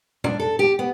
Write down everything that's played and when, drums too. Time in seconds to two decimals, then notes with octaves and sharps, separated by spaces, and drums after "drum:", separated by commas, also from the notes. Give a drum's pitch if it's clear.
0.24 D4, drum: tom
0.40 A4
0.59 G4
0.79 B3